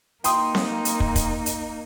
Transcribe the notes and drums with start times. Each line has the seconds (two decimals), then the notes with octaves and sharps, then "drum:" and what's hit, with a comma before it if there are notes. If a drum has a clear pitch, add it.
0.24 A#3 D#4 G5 C6 D#6, drum: hi-hat
0.55 drum: snare C4
0.85 drum: hi-hat
1.00 drum: kick
1.15 drum: kick, hi-hat
1.46 drum: hi-hat